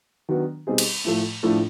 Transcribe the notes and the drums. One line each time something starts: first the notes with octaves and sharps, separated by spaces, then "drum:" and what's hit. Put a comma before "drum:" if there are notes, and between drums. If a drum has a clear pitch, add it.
D#3 F#3 B3 D4 F#4
B2 G3 C4 D#4 G#4
drum: cymbal
A2 F3 A3
A2 F3 A3 D4